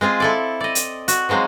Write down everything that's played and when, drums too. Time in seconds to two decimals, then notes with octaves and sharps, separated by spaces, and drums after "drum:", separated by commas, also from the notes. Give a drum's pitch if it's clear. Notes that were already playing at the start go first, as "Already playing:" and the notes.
0.01 G#3 C4 F4 G#4
0.20 E4 A4 D5
0.61 D5 D#5
0.75 drum: hi-hat
1.08 F#4, drum: hi-hat
1.29 F3 F#3 G#3 C4 D#4